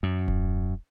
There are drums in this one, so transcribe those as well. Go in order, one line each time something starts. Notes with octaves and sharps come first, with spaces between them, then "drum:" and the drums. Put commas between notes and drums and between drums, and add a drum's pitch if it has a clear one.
F#2
drum: kick D#1